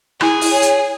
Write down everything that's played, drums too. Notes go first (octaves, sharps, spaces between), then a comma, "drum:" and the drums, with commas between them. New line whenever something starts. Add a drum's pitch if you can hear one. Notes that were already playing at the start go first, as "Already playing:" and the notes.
E4 G#4, drum: rim click
drum: open hi-hat
C#5
drum: hi-hat